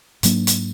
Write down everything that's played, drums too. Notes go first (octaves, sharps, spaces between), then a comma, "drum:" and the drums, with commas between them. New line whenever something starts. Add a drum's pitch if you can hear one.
G#2 F#3 A#3 D4, drum: hi-hat
drum: hi-hat